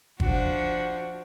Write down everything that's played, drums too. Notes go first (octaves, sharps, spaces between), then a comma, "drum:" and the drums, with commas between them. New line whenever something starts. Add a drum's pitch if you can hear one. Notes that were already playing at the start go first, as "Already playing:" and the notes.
F3 D4 F#4, drum: kick G1